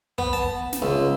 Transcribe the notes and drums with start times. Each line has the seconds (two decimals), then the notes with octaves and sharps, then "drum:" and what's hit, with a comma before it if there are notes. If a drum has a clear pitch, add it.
0.18 B3, drum: kick
0.33 A5
0.73 drum: snare
0.82 C#2